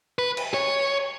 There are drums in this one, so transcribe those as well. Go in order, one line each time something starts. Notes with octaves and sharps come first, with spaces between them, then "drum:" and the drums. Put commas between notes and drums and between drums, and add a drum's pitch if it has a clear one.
B4
drum: cymbal
C#5